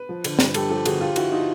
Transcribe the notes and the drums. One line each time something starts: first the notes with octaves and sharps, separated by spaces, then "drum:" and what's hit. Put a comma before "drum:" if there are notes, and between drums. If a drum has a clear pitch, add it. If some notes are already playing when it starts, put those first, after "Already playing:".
Already playing: B4
F3
D3, drum: cymbal
G2, drum: snare
G2 G4 A4, drum: cymbal
F3 G4 A4
D3 F#4 G#4, drum: cymbal
F3 F4 G4
D3 E4 F#4, drum: cymbal
D#4 F4